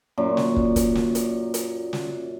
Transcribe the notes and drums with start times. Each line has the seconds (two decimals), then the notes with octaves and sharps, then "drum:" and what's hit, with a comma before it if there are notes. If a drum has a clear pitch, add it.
0.18 F#2 A#2
0.37 drum: snare
0.56 drum: kick
0.76 drum: kick, hi-hat
0.95 drum: snare
1.15 drum: hi-hat
1.54 drum: hi-hat
1.93 drum: snare